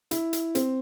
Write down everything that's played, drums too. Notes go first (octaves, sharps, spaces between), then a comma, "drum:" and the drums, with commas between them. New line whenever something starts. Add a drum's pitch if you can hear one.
E4, drum: hi-hat
drum: hi-hat
C4, drum: hi-hat